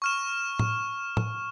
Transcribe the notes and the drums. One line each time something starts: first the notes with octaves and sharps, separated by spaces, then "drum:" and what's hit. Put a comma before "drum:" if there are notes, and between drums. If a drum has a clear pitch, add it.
C#6 F6 E7
drum: tom A2
drum: tom A2